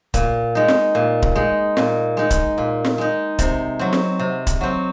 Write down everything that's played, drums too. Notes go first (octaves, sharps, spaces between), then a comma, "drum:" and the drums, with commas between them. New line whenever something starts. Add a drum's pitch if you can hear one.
A#2, drum: kick D1, hi-hat
G#3 D#4
drum: snare
A#2
drum: kick D1
G#3 D#4
A#2, drum: snare
G#3 D#4
drum: kick D1, hi-hat
A#2
drum: snare
G#3 D#4
C3, drum: kick D1, hi-hat
F#3 C4
drum: snare
C3
drum: kick D1, hi-hat
F#3 C4